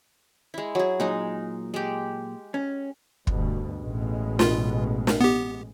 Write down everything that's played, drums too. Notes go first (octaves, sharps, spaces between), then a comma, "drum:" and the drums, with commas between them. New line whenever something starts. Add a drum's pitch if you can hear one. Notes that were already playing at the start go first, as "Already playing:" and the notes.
G#3 E4
F#3 G#4
A#2 F#3 G#3 D#4
G#3 G4
C#4
D2 G2 B2, drum: kick
A1 B2 G#3
F4, drum: snare
drum: snare
B3 G4